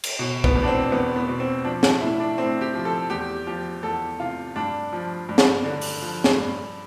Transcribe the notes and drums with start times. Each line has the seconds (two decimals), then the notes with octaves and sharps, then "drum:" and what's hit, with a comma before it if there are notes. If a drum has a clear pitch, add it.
0.04 drum: cymbal
0.19 B2
0.44 B3, drum: kick
0.55 E2
0.63 D4
0.68 C4
0.92 E2 B3
1.16 B3
1.29 B2
1.40 C4
1.65 F3 D4
1.83 D4, drum: snare
2.01 A2 E4
2.20 D4
2.37 A2 C4
2.61 G4
2.74 F3
2.85 A4
3.09 E2 G4
3.47 F3 G4
3.83 E2 A4
4.20 C3 F4
4.56 G2 D4
4.92 F3
5.29 G2
5.38 drum: snare
5.64 D3
5.81 drum: open hi-hat
6.02 F3
6.24 drum: snare
6.38 G2